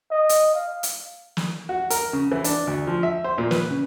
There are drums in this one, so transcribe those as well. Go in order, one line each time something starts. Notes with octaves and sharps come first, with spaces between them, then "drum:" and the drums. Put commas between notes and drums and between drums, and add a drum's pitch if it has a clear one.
D#5
drum: hi-hat
F5
drum: hi-hat
drum: snare
F#4
A#4, drum: hi-hat
C#3
E3
D4, drum: hi-hat
D2
F3
E5
C5
A#2
B4, drum: snare
C#3